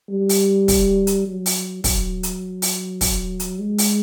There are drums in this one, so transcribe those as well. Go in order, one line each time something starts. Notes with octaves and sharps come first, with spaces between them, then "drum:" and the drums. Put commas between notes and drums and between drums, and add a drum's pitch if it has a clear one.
G3
drum: open hi-hat
drum: kick, open hi-hat
drum: hi-hat
F#3
drum: open hi-hat
F#3, drum: kick, open hi-hat
drum: hi-hat
drum: open hi-hat
drum: kick, open hi-hat
drum: hi-hat
G#3
drum: open hi-hat